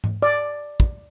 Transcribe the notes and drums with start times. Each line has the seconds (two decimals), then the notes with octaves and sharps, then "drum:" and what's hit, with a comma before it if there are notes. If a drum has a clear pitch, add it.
0.04 drum: tom G#2
0.22 D5
0.80 drum: kick